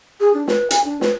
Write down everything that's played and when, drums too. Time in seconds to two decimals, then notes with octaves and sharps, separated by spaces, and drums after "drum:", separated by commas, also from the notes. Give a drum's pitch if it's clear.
0.20 G#4
0.34 D4
0.48 B4, drum: snare
0.71 G#5, drum: hi-hat
0.85 D4
1.01 B4, drum: snare